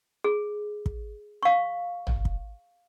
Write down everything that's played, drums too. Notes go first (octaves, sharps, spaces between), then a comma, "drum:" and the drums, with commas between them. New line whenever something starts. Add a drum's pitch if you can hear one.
G#4
drum: kick
F5 C#6
drum: tom
drum: kick